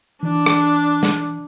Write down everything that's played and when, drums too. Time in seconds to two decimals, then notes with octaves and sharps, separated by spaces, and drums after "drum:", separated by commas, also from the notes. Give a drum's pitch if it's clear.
0.23 E3 D4
0.46 drum: rim click
1.03 drum: snare